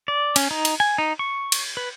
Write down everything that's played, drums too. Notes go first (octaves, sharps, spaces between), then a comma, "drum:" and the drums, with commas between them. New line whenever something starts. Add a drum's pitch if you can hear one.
D5
C#4, drum: cymbal
D#4
drum: cymbal
G#5
D#4
C#6
drum: cymbal
B4